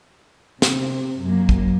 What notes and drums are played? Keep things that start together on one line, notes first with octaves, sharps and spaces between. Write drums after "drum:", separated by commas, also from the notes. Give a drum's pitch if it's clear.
C3, drum: snare
F#2 F#3 A#3
drum: kick